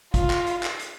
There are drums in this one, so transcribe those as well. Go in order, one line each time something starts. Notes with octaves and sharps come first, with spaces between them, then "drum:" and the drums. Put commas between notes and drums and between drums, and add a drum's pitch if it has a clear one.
F4, drum: kick, hi-hat
drum: clap
drum: hi-hat
drum: clap
drum: hi-hat